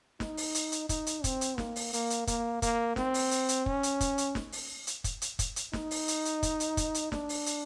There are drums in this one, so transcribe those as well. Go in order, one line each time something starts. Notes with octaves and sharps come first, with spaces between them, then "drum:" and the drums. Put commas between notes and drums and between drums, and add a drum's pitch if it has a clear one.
D#4, drum: snare
drum: open hi-hat
drum: hi-hat
drum: hi-hat
D#4, drum: kick, hi-hat
drum: hi-hat
C4, drum: kick, hi-hat
drum: hi-hat
A#3, drum: snare
drum: open hi-hat
A#3, drum: hi-hat
drum: hi-hat
A#3, drum: kick, hi-hat
A#3, drum: kick, hi-hat
C4, drum: snare
drum: open hi-hat
drum: hi-hat
drum: hi-hat
C#4, drum: kick
drum: hi-hat
drum: kick, hi-hat
drum: hi-hat
drum: snare
drum: open hi-hat
drum: hi-hat
drum: kick, hi-hat
drum: hi-hat
drum: kick, hi-hat
drum: hi-hat
D#4, drum: snare
drum: open hi-hat
drum: hi-hat
drum: hi-hat
drum: kick, hi-hat
drum: hi-hat
drum: kick, hi-hat
drum: hi-hat
D4, drum: snare
drum: open hi-hat
drum: hi-hat